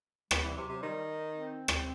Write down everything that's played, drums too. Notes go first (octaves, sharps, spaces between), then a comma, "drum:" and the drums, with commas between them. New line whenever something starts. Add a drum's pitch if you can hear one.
G3 B3, drum: rim click
E3
C3 F#3
C3
D#3 G3
C4
drum: rim click